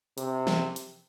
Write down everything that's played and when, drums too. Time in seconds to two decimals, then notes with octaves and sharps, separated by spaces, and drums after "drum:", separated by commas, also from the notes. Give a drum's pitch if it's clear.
0.18 C3, drum: hi-hat
0.47 drum: snare
0.76 drum: hi-hat